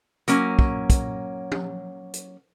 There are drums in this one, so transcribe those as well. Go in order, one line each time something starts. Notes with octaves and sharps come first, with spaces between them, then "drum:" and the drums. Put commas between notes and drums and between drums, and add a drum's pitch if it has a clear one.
F#3 A#3 C#4, drum: hi-hat
drum: kick
drum: kick, hi-hat
drum: tom
drum: hi-hat